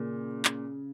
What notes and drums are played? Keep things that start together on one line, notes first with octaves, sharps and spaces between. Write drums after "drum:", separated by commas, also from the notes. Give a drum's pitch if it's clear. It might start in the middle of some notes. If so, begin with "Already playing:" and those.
Already playing: A#2 C#3
drum: clap